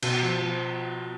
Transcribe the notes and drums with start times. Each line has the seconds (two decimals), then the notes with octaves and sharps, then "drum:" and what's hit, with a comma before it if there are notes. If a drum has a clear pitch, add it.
0.02 B2, drum: cymbal
0.22 F3
0.41 F3